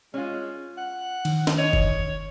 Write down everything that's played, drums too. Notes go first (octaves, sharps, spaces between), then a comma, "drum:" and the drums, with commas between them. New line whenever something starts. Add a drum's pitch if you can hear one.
G#3 C#4 F4
F#5
D#3, drum: cymbal
drum: snare
C#5 D#5
drum: kick F#1